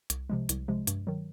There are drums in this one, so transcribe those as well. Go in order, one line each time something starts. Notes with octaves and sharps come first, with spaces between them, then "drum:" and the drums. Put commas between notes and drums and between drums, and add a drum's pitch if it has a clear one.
C2, drum: hi-hat
C3 F3 G#3
C2, drum: hi-hat
C3 F3 G#3
G2, drum: hi-hat
D#3 F#3